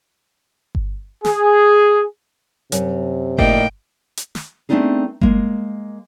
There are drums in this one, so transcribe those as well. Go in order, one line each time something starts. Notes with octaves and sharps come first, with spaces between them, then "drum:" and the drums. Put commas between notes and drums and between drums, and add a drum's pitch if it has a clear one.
drum: kick G1
G#4, drum: snare
F#2 C3, drum: hi-hat
A2 A#3 D#4 F4 D5 E5 G5, drum: kick G1
drum: hi-hat
drum: snare
A3 B3 C4 D4 D#4 G#4
G#3 A#3, drum: kick G1